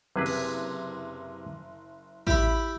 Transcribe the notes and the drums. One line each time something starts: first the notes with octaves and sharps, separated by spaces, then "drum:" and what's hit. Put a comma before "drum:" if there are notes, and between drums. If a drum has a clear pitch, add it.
F#1 C3 G#4 B4
drum: cymbal
E4 G4 B5, drum: kick A1